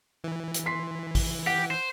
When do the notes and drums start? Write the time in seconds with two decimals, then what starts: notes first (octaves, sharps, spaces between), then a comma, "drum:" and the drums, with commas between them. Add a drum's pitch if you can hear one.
0.24 E3
0.54 drum: hi-hat
0.66 C6 B6 C7
1.15 drum: kick A1, open hi-hat
1.47 G4 F#5
1.70 C5